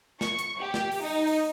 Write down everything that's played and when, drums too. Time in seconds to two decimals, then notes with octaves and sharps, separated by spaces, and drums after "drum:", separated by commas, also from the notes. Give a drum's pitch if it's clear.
0.21 C#6, drum: snare
0.39 drum: hi-hat
0.60 G4
0.74 drum: snare
0.92 drum: open hi-hat
1.02 D#4
1.27 drum: open hi-hat